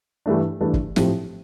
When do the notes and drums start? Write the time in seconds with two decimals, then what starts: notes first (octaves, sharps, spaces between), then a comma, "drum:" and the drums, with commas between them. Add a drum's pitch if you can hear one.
0.26 G2 E3 A3 D4
0.60 G2 E3 A3 D4
0.74 drum: kick
0.96 A2 F3 C4 G4, drum: snare